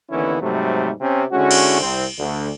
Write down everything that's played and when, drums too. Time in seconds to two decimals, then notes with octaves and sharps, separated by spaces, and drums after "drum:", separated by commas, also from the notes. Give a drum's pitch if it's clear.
0.10 D#2 D3 E3 B3 C#4 E4
0.41 G#2 C3 F#3 G3 A3
1.01 C3 C#4 G4
1.32 D3 G#3 C#4 E4 F#4
1.51 drum: cymbal
1.81 C2 C4
2.19 D2 D3